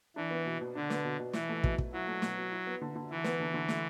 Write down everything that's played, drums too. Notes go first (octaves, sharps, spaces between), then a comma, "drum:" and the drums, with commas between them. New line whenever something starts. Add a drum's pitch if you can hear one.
E3 D4
B3
B2
B2
D3 D4
B3, drum: snare
B2
B2
E3 E4, drum: snare
A3
B2, drum: kick
B2, drum: kick
F#3 E4
A3
B2, drum: snare
B2
E4
B3
D3
D3
E3 E4
B3, drum: snare
D3
D3
A3, drum: snare